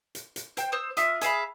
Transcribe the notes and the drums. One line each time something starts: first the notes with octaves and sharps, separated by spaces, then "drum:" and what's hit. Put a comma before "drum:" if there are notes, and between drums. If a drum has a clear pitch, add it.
drum: hi-hat
drum: hi-hat
C5 G5, drum: hi-hat
C5 D#6 E6
F4 E5 D#6, drum: hi-hat
G#4 E5 F5 B5, drum: hi-hat